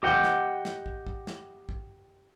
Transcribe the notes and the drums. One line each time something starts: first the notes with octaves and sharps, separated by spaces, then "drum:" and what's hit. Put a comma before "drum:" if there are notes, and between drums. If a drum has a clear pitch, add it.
G4 D#5 F#5 G5
drum: snare
drum: snare
drum: kick
drum: kick
drum: snare
drum: kick